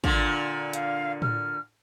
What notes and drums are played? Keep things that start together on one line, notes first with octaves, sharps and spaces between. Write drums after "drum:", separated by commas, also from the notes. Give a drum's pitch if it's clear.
A#2 D3, drum: kick
F5, drum: hi-hat
F6, drum: tom A2